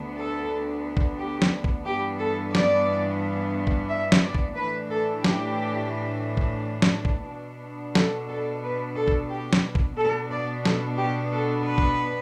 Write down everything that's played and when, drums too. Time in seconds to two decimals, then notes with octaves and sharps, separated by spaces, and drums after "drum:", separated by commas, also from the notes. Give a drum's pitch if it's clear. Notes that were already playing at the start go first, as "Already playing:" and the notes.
Already playing: D2 D3 B3 D4
0.18 A4
0.97 drum: kick
1.19 G4
1.42 drum: snare
1.64 drum: kick
1.86 G2 E3 B3 D4 G4
2.20 A4
2.55 D5, drum: snare
3.67 drum: kick
3.90 E5
4.12 drum: snare
4.24 D5
4.35 drum: kick
4.56 A2 E3 A3 D4 B4
4.91 A4
5.24 G4, drum: snare
6.37 drum: kick
6.82 drum: snare
7.05 drum: kick
7.27 B2 B3 D4
7.95 A4, drum: snare
8.29 A4
8.63 B4
8.97 A4
9.08 drum: kick
9.30 G4
9.53 drum: snare
9.75 drum: kick
9.97 B2 B3 D4 A4
10.32 D5
10.65 A4, drum: snare
10.99 G4
11.32 A4
11.66 B4
11.78 drum: kick